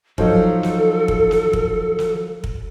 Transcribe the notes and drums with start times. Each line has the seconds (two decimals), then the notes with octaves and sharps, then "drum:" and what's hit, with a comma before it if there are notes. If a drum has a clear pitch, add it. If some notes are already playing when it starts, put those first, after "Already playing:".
0.18 F3 F#3 D#4 A4, drum: kick
0.63 drum: snare
1.08 drum: kick
1.31 drum: snare
1.53 drum: kick
1.99 drum: snare
2.44 drum: kick